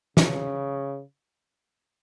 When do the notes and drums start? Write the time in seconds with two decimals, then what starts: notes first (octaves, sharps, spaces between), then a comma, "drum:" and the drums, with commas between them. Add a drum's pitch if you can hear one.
0.17 C#3, drum: snare